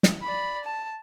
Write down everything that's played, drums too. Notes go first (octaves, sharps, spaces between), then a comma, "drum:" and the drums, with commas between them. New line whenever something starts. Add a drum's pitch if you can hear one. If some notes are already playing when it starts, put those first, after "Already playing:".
drum: snare
D5 B5
A5